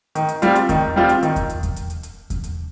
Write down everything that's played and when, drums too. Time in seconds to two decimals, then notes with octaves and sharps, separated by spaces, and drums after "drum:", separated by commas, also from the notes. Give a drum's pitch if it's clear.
0.15 D#3, drum: hi-hat
0.29 drum: hi-hat
0.42 G3 C4 F4, drum: hi-hat
0.55 drum: hi-hat
0.69 D#3, drum: kick E2, hi-hat
0.96 G3 C4 F4
1.09 drum: hi-hat
1.23 D#3, drum: hi-hat
1.36 drum: kick E2, hi-hat
1.49 drum: hi-hat
1.63 drum: kick E2, hi-hat
1.76 drum: hi-hat
1.90 drum: hi-hat
2.03 drum: hi-hat
2.30 drum: kick E2, hi-hat
2.44 drum: hi-hat